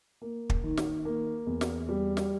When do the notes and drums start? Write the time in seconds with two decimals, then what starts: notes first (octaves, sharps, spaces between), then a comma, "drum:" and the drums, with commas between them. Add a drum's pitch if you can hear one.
0.22 A#3
0.50 drum: kick
0.63 D#3
0.77 drum: snare
1.05 A#3
1.47 E2
1.61 drum: snare
1.89 G3
2.17 drum: snare